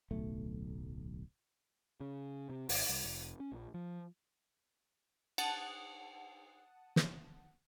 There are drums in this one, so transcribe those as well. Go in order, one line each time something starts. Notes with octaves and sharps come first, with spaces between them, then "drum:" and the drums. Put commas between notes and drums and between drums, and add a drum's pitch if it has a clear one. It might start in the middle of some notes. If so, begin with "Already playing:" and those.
D1 B1 A3
C#3
C3
G#1, drum: open hi-hat
C2
F1
C#4
A#1
F3
F#5 A5 D#6, drum: cymbal
drum: snare